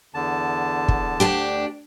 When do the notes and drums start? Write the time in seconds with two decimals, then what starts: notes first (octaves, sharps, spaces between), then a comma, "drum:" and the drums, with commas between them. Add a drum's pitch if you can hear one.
0.14 E2 D3 A5
0.88 drum: kick
1.20 D2 D4 G4